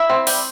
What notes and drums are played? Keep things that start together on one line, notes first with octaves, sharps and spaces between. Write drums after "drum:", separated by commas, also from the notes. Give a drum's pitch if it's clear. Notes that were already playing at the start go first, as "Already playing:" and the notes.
Already playing: E4 E5
C4
G3, drum: open hi-hat